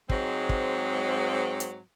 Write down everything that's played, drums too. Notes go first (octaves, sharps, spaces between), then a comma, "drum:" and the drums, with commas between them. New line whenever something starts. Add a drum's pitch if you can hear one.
G#2 F#3 G#3 C4, drum: kick
drum: kick
drum: hi-hat